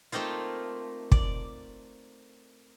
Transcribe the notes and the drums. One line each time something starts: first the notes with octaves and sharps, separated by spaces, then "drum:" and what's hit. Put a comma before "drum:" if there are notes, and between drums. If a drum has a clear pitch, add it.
A3 A#3 C4 D#4 F4
D5, drum: kick